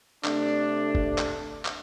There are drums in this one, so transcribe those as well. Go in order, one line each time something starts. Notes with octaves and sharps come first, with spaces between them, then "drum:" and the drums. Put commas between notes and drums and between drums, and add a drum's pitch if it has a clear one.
C3 A3 D4, drum: clap
drum: kick F#1
drum: clap
drum: clap